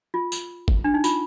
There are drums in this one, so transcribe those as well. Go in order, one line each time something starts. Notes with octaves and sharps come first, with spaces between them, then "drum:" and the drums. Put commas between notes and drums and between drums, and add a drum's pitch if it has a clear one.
F4
drum: tambourine
drum: kick
D4
D#4
F4, drum: tambourine